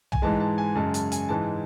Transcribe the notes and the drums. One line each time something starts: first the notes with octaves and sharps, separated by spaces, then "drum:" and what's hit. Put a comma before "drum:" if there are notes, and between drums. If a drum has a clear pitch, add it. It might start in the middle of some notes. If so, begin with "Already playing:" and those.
G#5, drum: tom
G#2 E3 G#3 A5
A5
G#5
F#2 C#3 G#3 A5
A5, drum: hi-hat
G#5, drum: hi-hat
G#2 E3 G#3 A5